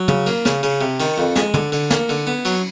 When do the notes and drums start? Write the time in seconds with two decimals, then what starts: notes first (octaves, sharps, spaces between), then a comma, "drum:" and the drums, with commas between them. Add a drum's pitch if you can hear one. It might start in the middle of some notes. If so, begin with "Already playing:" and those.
Already playing: F#3
0.08 C#3, drum: tom
0.26 A#3, drum: cymbal
0.45 C#3, drum: snare
0.63 C#3, drum: cymbal
0.81 C3
1.00 D#3, drum: cymbal
1.18 F2
1.36 G#3, drum: snare
1.54 D3, drum: tom
1.72 D3, drum: cymbal
1.91 A#3, drum: snare
2.09 D3, drum: cymbal
2.27 B3
2.45 F#3, drum: cymbal